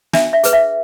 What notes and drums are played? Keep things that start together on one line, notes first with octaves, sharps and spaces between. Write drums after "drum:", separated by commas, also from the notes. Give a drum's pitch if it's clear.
D4 E5, drum: snare
E5
G#4 B4, drum: hi-hat
E5